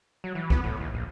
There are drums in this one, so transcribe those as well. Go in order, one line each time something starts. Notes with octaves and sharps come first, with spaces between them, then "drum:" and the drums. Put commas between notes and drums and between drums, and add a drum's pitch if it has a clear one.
F#3
E3
B3, drum: kick
A2
D#2
A#1